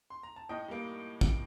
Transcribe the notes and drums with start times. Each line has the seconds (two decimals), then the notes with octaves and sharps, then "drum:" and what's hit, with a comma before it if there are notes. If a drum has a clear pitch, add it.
0.10 C6
0.23 A#5
0.36 A5
0.49 A2 D#5 G5
0.68 G3 A#3
1.21 drum: kick